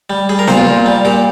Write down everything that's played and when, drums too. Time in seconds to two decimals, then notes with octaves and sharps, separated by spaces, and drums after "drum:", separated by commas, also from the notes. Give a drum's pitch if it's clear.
0.10 G3
0.29 G3 G#4
0.39 A#4
0.48 A#2 C5, drum: snare B3
0.57 F4
0.67 A#2
0.86 G3
1.05 A#2 G4